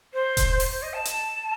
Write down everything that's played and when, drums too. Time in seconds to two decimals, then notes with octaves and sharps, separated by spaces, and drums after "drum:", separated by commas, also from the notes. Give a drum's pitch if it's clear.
0.14 C5
0.37 drum: kick E1, hi-hat
0.60 drum: open hi-hat
0.72 C5
0.83 D#5
0.94 A5
1.05 drum: hi-hat